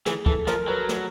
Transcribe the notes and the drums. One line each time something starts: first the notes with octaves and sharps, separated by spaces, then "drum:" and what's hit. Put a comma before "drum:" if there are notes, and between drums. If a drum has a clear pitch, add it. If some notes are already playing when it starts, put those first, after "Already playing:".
E3 G#4, drum: snare
E3 A4, drum: kick
F3 A#4, drum: snare
F#3 B4
drum: snare